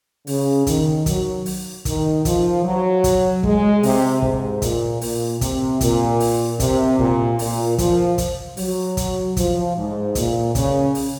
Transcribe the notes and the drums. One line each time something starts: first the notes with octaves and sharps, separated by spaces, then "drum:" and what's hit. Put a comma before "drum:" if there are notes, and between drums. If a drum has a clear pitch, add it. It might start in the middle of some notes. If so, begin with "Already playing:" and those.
C#3, drum: open hi-hat
D#3, drum: kick, hi-hat
F#3, drum: kick, hi-hat
drum: open hi-hat
D#3, drum: kick, hi-hat
F3, drum: kick, hi-hat
F#3
drum: kick, hi-hat
G#3, drum: kick
C3, drum: open hi-hat
G#2, drum: kick
A#2, drum: kick, hi-hat
A#2, drum: open hi-hat
C3, drum: kick, hi-hat
A#2, drum: kick, hi-hat
drum: open hi-hat
C3, drum: kick, hi-hat
A#2, drum: kick
A#2, drum: open hi-hat
F3, drum: kick, hi-hat
drum: kick, hi-hat
F#3, drum: open hi-hat
drum: kick, hi-hat
F3, drum: kick, hi-hat
G#2
A#2, drum: kick, hi-hat
C#3, drum: kick, hi-hat
drum: open hi-hat